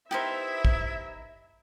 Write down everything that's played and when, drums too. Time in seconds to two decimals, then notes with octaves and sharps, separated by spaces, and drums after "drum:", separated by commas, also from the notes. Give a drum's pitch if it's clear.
0.11 B3 D#4 E4 G4 A#4 C5 E5
0.65 drum: kick